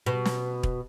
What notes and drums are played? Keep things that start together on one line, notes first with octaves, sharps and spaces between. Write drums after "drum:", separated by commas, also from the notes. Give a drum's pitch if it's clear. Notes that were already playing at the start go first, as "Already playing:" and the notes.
B2
drum: snare
drum: kick